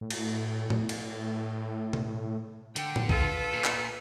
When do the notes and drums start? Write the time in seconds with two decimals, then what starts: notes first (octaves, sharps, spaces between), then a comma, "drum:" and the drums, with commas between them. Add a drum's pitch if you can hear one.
0.01 A2
0.10 drum: cymbal
0.70 A2, drum: tom A2
0.89 drum: cymbal
1.93 drum: tom B2
2.76 D3 G5, drum: hi-hat
2.96 drum: tom A2
3.09 F4 A4 B4, drum: kick B1
3.53 A#2
3.64 drum: clap